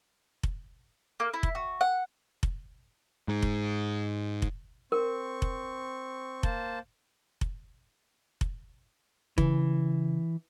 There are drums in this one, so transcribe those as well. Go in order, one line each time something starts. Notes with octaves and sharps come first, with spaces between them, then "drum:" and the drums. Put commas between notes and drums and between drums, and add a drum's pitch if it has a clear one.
drum: kick F1
A#3
E4
drum: kick F1
F#4
F#5
drum: kick F1
G#2
drum: kick F1
drum: kick F1
C4 A#4 C#6
drum: kick F1
A#3 C5 A5, drum: kick F1
drum: kick F1
drum: kick F1
C#3 E3, drum: kick F1